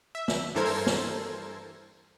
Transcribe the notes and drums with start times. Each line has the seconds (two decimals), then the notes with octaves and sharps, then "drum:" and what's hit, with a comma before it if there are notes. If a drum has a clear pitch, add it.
0.15 E5
0.28 drum: snare
0.55 G2 E3 A4 A#4 C5 G#6
0.66 drum: open hi-hat
0.87 drum: snare